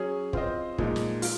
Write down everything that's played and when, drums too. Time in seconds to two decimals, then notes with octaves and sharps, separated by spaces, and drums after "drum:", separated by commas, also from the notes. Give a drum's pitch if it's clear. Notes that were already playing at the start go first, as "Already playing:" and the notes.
Already playing: F#3 C#4 G#4
0.33 C4 F4 C5 D#5, drum: kick
0.78 A#2 F3 G#3 D#4, drum: kick
0.96 drum: snare
1.22 F4, drum: open hi-hat